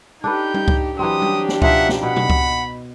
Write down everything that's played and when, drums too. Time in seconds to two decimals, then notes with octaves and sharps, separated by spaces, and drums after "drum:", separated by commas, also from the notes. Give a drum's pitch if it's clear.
0.24 D4 D#4 G4 A4 B4 G6
0.54 drum: tom G3
0.68 drum: kick C#2
0.99 E3 F#3 C4 D4 G4 D#6
1.22 drum: tom G3
1.49 drum: snare
1.62 B2 F3 D#4 E5 F#5, drum: kick C#2
1.89 drum: snare
2.03 B2 F#5 B5
2.16 drum: tom B2
2.30 drum: kick C#2